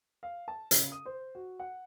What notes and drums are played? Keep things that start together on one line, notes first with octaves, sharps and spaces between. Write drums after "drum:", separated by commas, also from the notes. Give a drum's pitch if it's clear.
F5
A5
C#3, drum: hi-hat
D#6
C5
F#4
F#5